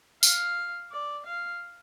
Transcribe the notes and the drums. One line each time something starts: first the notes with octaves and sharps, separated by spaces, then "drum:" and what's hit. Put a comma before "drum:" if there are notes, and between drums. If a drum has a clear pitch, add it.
F5, drum: tambourine
D5
F5